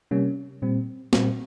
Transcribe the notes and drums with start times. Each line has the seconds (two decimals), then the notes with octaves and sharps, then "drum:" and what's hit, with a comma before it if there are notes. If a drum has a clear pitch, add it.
0.11 C3 G3 A#3 C#4
0.62 A#2 G3 C4
1.13 A#2 G3 C4, drum: snare